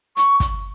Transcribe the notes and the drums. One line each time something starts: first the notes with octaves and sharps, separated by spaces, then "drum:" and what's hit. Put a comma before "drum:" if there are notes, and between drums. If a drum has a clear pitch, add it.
C#6, drum: hi-hat
drum: kick, hi-hat